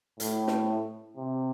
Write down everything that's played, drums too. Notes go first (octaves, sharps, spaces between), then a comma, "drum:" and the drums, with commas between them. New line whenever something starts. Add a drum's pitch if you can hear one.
A2, drum: hi-hat
drum: snare
C3